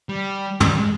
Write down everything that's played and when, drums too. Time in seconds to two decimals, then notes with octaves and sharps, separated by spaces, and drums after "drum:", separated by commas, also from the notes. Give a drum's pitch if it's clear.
0.09 G3
0.60 G3, drum: tom
0.76 G#3